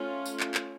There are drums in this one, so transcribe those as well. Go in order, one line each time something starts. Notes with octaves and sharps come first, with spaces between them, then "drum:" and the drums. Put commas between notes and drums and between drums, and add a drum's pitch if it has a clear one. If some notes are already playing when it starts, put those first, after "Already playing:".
Already playing: A3 C#4 F4
drum: tambourine
drum: clap
drum: clap